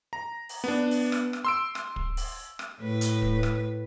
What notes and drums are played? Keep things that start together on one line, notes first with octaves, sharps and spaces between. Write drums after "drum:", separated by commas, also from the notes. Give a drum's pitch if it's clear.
A#5
drum: open hi-hat
B3 D4
drum: open hi-hat
drum: rim click
drum: rim click
C6 E6 D7
drum: rim click
drum: kick
drum: open hi-hat
drum: rim click
A2 B4
drum: hi-hat
drum: kick
drum: rim click